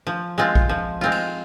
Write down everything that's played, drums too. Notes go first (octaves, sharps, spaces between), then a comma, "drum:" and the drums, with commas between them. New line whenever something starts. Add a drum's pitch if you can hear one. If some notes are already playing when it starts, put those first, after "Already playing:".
F3
G#3 C4 F4
drum: kick A#1
F3
G#3 C4 F4
drum: cymbal